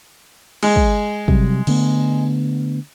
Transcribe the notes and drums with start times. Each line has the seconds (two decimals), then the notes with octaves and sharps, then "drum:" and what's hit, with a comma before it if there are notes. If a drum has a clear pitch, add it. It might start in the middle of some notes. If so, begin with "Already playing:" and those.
0.63 G#3, drum: cymbal
0.76 drum: kick
1.28 C3 F#3 G3, drum: kick
1.67 D3 A3 B3, drum: cymbal